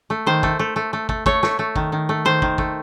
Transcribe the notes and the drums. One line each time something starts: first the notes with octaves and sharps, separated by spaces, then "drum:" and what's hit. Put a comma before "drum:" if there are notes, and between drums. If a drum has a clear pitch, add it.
A3
D#3 C5
A3, drum: kick
A3
A3
A3
A3, drum: kick
A3 C#5, drum: kick
A3, drum: snare
A3
D#3, drum: kick
D#3
A3
D#3 C5
D#3, drum: kick
A3, drum: kick